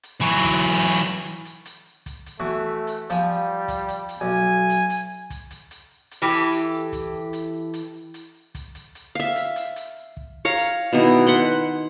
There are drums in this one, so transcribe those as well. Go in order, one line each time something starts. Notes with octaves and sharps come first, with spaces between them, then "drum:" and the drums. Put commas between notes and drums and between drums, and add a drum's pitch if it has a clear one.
drum: hi-hat
E3 F#3
drum: kick, hi-hat
drum: hi-hat
drum: hi-hat
drum: hi-hat
drum: hi-hat
drum: hi-hat
drum: kick, hi-hat
drum: hi-hat
E3 A3 F#4
drum: hi-hat
F3 G3 G#5, drum: hi-hat
drum: kick, hi-hat
drum: hi-hat
drum: hi-hat
B1 G#5
drum: hi-hat
drum: hi-hat
drum: kick, hi-hat
drum: hi-hat
drum: hi-hat
drum: hi-hat
E3 G4 A4
drum: hi-hat
drum: hi-hat
drum: kick, hi-hat
drum: hi-hat
drum: hi-hat
drum: hi-hat
drum: kick, hi-hat
drum: hi-hat
drum: hi-hat
E5 F5
drum: hi-hat
drum: hi-hat
drum: hi-hat
drum: kick
C#5 F5 A#5
drum: hi-hat
B2 D#3 B3 E4
F#5 B5 C6